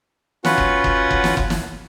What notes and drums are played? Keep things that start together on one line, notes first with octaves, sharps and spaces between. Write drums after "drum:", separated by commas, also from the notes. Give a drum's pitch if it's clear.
C#4 F4 F#4 B4 F#5, drum: snare
drum: kick F#1
drum: kick F#1
drum: kick F#1
drum: snare
drum: kick F#1
drum: snare